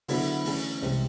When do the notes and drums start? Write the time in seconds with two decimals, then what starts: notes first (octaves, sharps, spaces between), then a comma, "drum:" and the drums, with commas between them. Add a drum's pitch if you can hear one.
0.08 D3 F#3 B3 E4 A4, drum: open hi-hat
0.45 E3 A3 C#4, drum: open hi-hat
0.82 C2 C3 E3 G#3, drum: snare